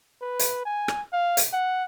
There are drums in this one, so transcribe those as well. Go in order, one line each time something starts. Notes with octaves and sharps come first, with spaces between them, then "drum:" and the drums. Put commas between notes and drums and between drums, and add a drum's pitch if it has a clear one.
B4
drum: hi-hat
G#5
drum: rim click
F5
drum: hi-hat
F#5